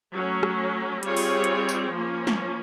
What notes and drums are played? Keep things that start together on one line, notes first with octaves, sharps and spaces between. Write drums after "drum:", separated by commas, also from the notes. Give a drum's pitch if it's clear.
F#3 A3 C#4
drum: rim click
G3 C4 F4 G#4 C#5, drum: hi-hat
drum: open hi-hat
drum: hi-hat
drum: tambourine
F3 A#3 C#4
drum: snare